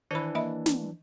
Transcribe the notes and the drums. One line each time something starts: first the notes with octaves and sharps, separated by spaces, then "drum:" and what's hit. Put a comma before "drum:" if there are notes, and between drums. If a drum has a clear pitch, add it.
D#3 E3 D4 B4 B5
A#3 D#5 E5 B5
drum: snare